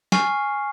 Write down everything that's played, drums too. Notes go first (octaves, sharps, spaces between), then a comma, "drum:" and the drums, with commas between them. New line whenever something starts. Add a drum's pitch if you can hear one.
G#5 C#6 F6 C7, drum: snare